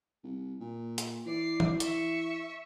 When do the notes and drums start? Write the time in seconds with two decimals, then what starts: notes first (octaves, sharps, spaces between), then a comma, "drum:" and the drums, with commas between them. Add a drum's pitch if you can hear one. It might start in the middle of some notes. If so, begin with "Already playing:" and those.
0.23 C2
0.60 A#2
0.98 drum: hi-hat
1.26 E3 D5 C7
1.60 drum: tom
1.80 E5 C#6, drum: hi-hat